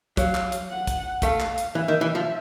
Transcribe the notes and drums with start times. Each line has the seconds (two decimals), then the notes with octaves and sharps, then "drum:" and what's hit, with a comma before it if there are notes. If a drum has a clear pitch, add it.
0.17 F#3 F5, drum: kick, hi-hat
0.35 drum: clap
0.52 drum: hi-hat
0.70 F#5
0.87 drum: kick, hi-hat
1.22 A3 F5, drum: kick, hi-hat
1.40 drum: clap
1.58 drum: hi-hat
1.75 E3 E5
1.88 D#3
2.01 E3
2.15 F3